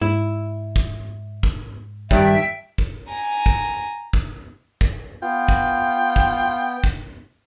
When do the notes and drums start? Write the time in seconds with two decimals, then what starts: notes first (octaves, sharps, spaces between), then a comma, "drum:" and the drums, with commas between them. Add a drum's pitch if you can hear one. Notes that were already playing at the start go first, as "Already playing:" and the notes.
0.02 G#2 E4
0.76 drum: kick
1.43 drum: kick
2.11 G2 D#3 G3 E5 G5, drum: kick
2.78 drum: kick
3.08 G#5 A#5
3.46 drum: kick
4.13 drum: kick
4.81 drum: kick
5.22 B3 F4 G5
5.49 drum: kick
6.16 drum: kick
6.84 drum: kick